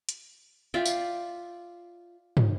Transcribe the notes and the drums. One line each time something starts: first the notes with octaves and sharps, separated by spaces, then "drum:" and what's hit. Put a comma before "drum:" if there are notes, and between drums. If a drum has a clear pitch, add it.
drum: hi-hat
F4 D5 E5 G5
drum: tambourine
drum: tom